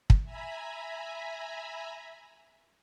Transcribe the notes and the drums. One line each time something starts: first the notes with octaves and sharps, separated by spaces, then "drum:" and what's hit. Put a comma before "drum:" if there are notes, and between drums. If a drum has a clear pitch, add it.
drum: kick
E5 G#5 A#5 B5